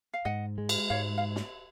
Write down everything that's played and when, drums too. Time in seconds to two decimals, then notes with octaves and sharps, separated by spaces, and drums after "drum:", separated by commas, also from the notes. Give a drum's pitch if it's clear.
0.14 F5
0.25 G#2 D#5 F#5
0.58 G#3
0.69 drum: cymbal
0.90 G#2 C#5 F5
1.18 F5
1.36 drum: snare